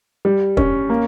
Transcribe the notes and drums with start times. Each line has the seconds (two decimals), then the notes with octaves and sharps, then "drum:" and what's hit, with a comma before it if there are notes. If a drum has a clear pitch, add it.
0.25 G3
0.57 C#4, drum: kick
0.90 A#3